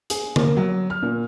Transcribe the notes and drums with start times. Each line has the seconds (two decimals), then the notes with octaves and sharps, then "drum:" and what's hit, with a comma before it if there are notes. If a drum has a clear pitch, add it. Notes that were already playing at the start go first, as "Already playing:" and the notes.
0.10 G#4, drum: hi-hat
0.36 A#3, drum: tom D3
0.57 F#3
0.90 F6
1.02 A#2